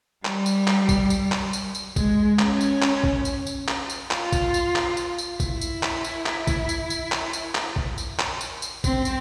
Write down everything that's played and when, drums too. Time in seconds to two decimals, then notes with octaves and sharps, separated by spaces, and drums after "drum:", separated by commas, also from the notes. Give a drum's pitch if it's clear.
0.25 G3, drum: clap
0.46 drum: tambourine
0.67 drum: clap
0.89 drum: kick, tambourine
1.10 drum: tambourine
1.32 drum: clap
1.53 drum: tambourine
1.75 drum: tambourine
1.96 G#3, drum: kick, tambourine
2.39 C#4, drum: clap
2.61 drum: tambourine
2.82 drum: clap
3.04 drum: kick
3.25 drum: tambourine
3.47 drum: tambourine
3.68 drum: clap
3.90 drum: tambourine
4.11 F4, drum: clap
4.33 drum: kick, tambourine
4.54 drum: tambourine
4.75 drum: clap
4.97 drum: tambourine
5.18 drum: tambourine
5.40 E4, drum: kick, tambourine
5.61 drum: tambourine
5.83 drum: clap
6.04 drum: tambourine
6.26 drum: clap
6.47 drum: kick, tambourine
6.69 drum: tambourine
6.90 drum: tambourine
7.12 drum: clap
7.33 drum: tambourine
7.55 drum: clap
7.76 drum: kick
7.98 drum: tambourine
8.19 drum: clap
8.41 drum: tambourine
8.62 drum: tambourine
8.84 C4, drum: kick, tambourine
9.05 drum: tambourine